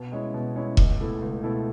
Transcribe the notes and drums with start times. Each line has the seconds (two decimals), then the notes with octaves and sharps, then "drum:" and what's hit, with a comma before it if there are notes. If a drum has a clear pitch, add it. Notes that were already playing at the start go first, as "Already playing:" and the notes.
Already playing: B2
0.12 G#3 C#4 E4
0.34 B2
0.56 G#3 C#4 E4
0.77 C#2, drum: kick E1
1.00 B2 A3 E4
1.22 C#2
1.43 B2 A3 E4